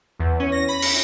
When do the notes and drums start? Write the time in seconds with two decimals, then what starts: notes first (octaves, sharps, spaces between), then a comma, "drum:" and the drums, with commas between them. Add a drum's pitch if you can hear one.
0.19 E2
0.39 C#4
0.52 A#6
0.68 B5
0.82 A#6, drum: open hi-hat